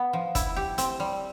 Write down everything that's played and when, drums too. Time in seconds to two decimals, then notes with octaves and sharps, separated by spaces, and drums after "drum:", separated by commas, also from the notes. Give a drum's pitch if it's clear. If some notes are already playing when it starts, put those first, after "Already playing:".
Already playing: B3
0.13 F3
0.35 E4, drum: kick, hi-hat
0.56 G4
0.78 C4, drum: hi-hat
1.00 G3